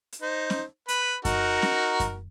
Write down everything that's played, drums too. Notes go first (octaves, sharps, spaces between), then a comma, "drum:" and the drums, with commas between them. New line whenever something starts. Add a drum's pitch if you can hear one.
drum: hi-hat
D#4 C5
drum: snare
B4 B5, drum: hi-hat
D#4 F#4 A#4, drum: kick F#2, hi-hat
drum: snare
drum: kick F#2, hi-hat